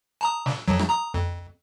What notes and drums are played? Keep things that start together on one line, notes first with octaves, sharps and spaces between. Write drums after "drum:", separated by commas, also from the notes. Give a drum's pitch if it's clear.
A5 A#5 D#6
drum: snare
F2 F3 F#3
drum: rim click
A#5 D#6
F2